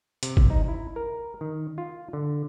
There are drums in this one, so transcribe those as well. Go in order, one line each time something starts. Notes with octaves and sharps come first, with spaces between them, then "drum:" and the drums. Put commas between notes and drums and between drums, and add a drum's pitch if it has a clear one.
C3, drum: hi-hat
drum: kick G#1
D#4
E4
A#4
D#3
F4
D3